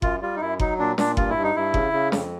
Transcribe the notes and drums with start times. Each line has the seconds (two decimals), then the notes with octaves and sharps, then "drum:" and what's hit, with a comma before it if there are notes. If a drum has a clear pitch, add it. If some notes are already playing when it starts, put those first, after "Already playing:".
0.02 F#2 F4, drum: kick F#1
0.22 G3 F4
0.36 D#4
0.41 F#2 E4
0.60 F#3 D#4, drum: kick F#1
0.79 A#2 D4
0.98 A#2 D4, drum: snare
1.17 G2 F4, drum: kick F#1
1.30 E4
1.36 G2
1.43 D#4
1.56 G2 E4
1.74 C#3, drum: kick F#1
1.93 C#3
2.12 F2, drum: snare